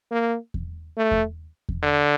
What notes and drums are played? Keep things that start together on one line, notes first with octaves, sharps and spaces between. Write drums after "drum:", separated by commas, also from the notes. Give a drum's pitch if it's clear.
A#3
drum: kick E2
A3
drum: kick E2
drum: kick E2
D3